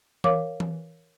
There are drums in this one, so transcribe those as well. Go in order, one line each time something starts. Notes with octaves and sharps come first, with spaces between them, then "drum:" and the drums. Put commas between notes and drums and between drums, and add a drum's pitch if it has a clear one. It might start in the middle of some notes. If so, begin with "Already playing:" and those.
A#4 C#5 F5 D6, drum: tom E3
drum: tom E3